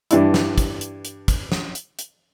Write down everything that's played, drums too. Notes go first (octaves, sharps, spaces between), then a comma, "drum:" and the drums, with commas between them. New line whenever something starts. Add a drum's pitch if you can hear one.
G2 E3 D4 E4, drum: hi-hat
drum: snare
drum: kick, hi-hat
drum: hi-hat
drum: hi-hat
drum: kick, hi-hat
drum: snare
drum: hi-hat
drum: hi-hat